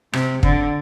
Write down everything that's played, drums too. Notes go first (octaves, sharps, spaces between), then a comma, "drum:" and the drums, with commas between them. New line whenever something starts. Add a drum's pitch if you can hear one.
C3, drum: rim click
D3, drum: kick